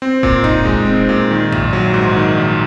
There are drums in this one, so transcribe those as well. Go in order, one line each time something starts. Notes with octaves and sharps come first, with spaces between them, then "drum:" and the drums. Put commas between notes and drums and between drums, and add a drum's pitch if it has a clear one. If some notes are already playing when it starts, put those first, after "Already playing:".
C4
A#2, drum: kick E1
D#4, drum: tom F2
G#3, drum: kick E1
C4
A#2
D#3
A#1, drum: tom F2
F#3
G#2
D#3
A#1